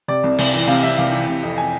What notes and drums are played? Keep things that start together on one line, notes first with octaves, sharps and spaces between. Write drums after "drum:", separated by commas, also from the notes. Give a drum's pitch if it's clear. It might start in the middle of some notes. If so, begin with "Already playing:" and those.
C3 D5
C2
C2, drum: cymbal
E3
C3 F5
C2 E5
C2 F5
E3
C3
F2
G#5